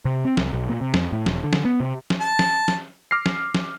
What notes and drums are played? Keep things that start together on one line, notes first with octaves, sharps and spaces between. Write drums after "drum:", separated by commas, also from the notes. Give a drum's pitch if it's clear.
C3
C4
C2, drum: snare
B1
A#2
C3
F2, drum: snare
A2
E1, drum: snare
D3
drum: snare
B3
C3
drum: snare
A5
drum: snare
drum: snare
D6 F6 A#6 C7
drum: snare
drum: snare